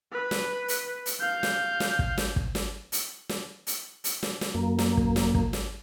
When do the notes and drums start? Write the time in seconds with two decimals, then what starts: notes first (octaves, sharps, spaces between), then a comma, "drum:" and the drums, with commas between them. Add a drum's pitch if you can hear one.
0.12 B4
0.31 drum: snare
0.68 drum: hi-hat
1.06 drum: hi-hat
1.20 F5 G6
1.43 drum: snare
1.80 drum: snare
1.99 drum: kick
2.18 drum: snare
2.36 drum: kick
2.55 drum: snare
2.92 drum: hi-hat
3.29 drum: snare
3.67 drum: hi-hat
4.04 drum: hi-hat
4.23 drum: snare
4.41 drum: snare
4.54 F#2 A#3
4.79 drum: snare
4.97 drum: kick
5.16 drum: snare
5.34 drum: kick
5.53 drum: snare